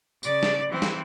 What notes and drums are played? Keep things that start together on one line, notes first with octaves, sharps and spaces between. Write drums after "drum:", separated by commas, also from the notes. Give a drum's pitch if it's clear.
C#3 D5, drum: tambourine
drum: snare
E3 C4
drum: snare